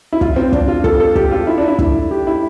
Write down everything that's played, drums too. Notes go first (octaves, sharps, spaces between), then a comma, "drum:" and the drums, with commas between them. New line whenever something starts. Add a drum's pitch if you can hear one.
E4
F4, drum: kick
C4
D4, drum: kick
F4
A4, drum: kick
A4
G4, drum: kick
F4
E4
D4
E4
E4, drum: kick
G4
E4